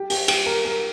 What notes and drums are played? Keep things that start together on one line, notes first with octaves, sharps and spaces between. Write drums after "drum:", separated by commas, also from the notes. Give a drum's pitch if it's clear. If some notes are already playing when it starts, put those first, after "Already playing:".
Already playing: G4
G4, drum: open hi-hat
G4, drum: cymbal
A#4
A#4